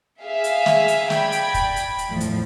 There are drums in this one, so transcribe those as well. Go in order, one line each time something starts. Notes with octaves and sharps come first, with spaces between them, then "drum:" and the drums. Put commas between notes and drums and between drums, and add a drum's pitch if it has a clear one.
G#4 E5 F5
drum: hi-hat
drum: snare
drum: hi-hat
D5 G5 B5 G#6, drum: snare
drum: hi-hat
drum: kick, hi-hat
drum: hi-hat
drum: hi-hat
E2 A2 F3
drum: hi-hat